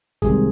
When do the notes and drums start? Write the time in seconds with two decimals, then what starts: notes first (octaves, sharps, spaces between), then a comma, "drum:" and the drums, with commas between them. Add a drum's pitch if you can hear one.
0.22 C2 C3 D#3 G#3 C4 G#4, drum: kick, hi-hat